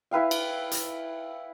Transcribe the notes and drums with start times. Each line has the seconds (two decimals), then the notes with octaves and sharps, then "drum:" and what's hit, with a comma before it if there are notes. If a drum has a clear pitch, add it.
0.11 E4 B4 F5 G5
0.31 drum: cymbal
0.71 drum: hi-hat